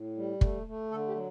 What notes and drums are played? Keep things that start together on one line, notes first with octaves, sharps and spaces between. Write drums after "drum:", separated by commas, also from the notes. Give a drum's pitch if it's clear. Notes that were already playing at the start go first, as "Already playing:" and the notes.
Already playing: A2
G3
A3, drum: kick
A3
D3 A4
G4
F#3